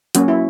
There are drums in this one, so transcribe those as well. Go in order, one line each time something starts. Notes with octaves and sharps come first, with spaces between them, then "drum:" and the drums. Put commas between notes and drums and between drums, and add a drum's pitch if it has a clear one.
F#3 A#3 C#4 F#4, drum: hi-hat
E4